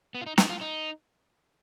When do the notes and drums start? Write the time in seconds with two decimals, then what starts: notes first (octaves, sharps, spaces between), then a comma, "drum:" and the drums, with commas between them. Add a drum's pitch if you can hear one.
0.15 B3
0.21 F4
0.26 D#4
0.38 D#4, drum: snare
0.50 F4
0.61 D#4